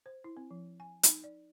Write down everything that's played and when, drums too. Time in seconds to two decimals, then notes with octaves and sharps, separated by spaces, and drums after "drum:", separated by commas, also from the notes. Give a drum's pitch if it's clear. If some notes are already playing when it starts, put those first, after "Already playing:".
0.06 C5
0.24 E4
0.37 C4
0.51 F3
0.80 G#5
1.03 D#4, drum: hi-hat
1.24 D5